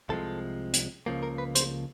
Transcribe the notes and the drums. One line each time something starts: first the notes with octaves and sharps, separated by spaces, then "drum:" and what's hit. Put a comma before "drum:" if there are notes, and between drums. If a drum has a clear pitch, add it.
C2 C3 F3 G#3 A4
drum: hi-hat
C#2 C#3 F3 A#3
A#4
B4
C5, drum: hi-hat